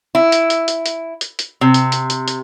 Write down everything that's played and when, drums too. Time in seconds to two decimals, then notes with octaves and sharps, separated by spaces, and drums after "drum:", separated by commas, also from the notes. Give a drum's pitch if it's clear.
0.15 E4
0.32 drum: hi-hat
0.50 drum: hi-hat
0.68 drum: hi-hat
0.86 drum: hi-hat
1.21 drum: hi-hat
1.39 drum: hi-hat
1.61 C3
1.74 drum: hi-hat
1.92 drum: hi-hat
2.10 drum: hi-hat
2.28 drum: hi-hat